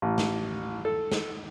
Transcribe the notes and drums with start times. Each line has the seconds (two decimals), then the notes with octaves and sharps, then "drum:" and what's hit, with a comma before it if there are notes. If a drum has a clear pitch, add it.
0.02 A1
0.18 drum: snare
0.85 A4
1.12 drum: snare